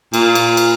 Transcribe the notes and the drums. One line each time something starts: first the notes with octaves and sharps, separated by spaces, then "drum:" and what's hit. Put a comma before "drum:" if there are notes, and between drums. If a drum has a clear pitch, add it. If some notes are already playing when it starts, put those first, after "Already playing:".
A#2, drum: cymbal
drum: cymbal
drum: cymbal